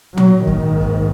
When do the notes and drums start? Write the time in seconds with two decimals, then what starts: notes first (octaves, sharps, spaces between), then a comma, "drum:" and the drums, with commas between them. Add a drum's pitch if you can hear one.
0.17 F#3, drum: tom
0.47 A#1 G#2 D#3, drum: kick
0.81 drum: kick